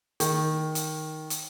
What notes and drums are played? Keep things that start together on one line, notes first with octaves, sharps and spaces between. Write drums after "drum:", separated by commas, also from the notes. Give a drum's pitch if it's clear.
D#3, drum: hi-hat
drum: hi-hat
drum: hi-hat